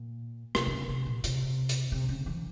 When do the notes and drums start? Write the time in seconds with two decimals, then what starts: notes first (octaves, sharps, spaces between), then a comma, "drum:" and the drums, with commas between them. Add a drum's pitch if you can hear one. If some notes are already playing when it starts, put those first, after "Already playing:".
Already playing: A#2
0.55 C3, drum: rim click
0.67 E3
0.72 C#3
0.89 C3
1.06 A#2
1.24 C3, drum: hi-hat
1.69 drum: hi-hat
1.92 C3
2.09 C#3
2.26 E3